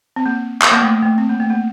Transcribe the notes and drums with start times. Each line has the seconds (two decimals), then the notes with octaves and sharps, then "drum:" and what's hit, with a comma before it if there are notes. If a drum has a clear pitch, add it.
0.16 C4
0.26 A#3
0.62 drum: clap
0.71 A#3
0.82 A3
1.02 A3
1.18 C4
1.29 A#3
1.40 A3
1.50 A#3